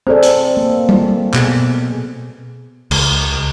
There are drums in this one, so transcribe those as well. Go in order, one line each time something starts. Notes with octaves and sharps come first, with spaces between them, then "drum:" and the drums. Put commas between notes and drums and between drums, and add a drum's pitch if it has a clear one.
C4 G#4 A4 C5 D5
drum: hi-hat
A#3
A#3, drum: tom G3
B2 G#4, drum: clap
C#2, drum: cymbal